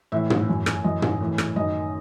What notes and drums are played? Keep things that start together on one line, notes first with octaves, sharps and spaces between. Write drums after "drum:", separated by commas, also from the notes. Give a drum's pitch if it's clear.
A2 E3 E5
drum: tom
F#2 E3
drum: rim click
F#2 E3 D#5
drum: tom
A2 E3
drum: rim click
F#2 D#3 D#5